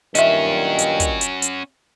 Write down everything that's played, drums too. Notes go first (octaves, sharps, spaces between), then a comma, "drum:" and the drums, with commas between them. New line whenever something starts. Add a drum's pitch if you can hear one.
G2 A#2 D#3 C#4 F#4 D#5 E5, drum: hi-hat
drum: hi-hat
drum: kick, hi-hat
drum: hi-hat
drum: hi-hat